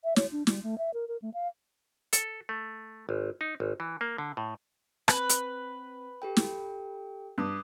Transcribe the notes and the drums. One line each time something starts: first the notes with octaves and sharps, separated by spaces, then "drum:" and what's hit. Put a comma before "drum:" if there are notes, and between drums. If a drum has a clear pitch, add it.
E5
C#5, drum: snare
D4
G3, drum: snare
A3
E5
A#4
A#4
A3
F5
A4, drum: hi-hat
A3
G#1
D#4
G#1
E3
A#3
D3
A2
C4 B4, drum: rim click
drum: hi-hat
G4 A4 G5
drum: snare
G2 D6 D#6 F#6